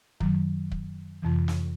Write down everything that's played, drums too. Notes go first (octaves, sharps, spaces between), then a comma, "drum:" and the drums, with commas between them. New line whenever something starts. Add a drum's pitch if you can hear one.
F#2 D#3 F#3, drum: kick
drum: kick
F2 C3 E3
drum: snare